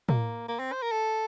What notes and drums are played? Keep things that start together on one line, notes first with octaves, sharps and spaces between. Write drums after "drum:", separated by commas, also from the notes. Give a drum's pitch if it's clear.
A#3, drum: tom
A#3
C4
C5
A#4
A4